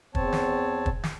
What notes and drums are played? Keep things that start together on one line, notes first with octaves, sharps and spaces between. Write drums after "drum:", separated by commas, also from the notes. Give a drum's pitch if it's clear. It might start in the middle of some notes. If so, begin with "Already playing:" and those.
E2 C4 C#5 A5, drum: kick
drum: snare
drum: kick
drum: snare